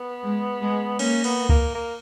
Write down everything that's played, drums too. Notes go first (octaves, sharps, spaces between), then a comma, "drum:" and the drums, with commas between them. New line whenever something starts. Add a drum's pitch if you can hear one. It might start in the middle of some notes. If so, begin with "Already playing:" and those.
Already playing: B3
G#3
G#3
A#3 C#4, drum: cymbal
B3, drum: cymbal
A#3, drum: kick C#2
A#3